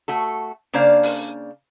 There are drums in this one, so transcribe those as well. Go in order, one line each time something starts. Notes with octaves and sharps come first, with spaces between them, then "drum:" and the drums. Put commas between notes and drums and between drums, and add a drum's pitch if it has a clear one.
A3 F#4 A4
C#3 A#3 D4 C5 D5 F5
drum: open hi-hat